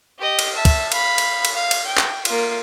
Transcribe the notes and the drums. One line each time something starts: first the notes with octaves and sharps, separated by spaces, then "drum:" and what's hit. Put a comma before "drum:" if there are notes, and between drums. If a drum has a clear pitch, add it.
G4 D#5
drum: cymbal
E5 A5
drum: kick, cymbal
F5 B5, drum: cymbal
drum: cymbal
drum: cymbal
F5
drum: cymbal
G5
drum: clap
A#3 F4, drum: cymbal